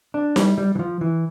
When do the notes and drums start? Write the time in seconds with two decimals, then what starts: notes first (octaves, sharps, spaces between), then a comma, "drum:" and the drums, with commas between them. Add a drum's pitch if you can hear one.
0.14 D4
0.36 G3, drum: snare D#4
0.58 G3
0.75 E3
0.79 F3
1.01 E3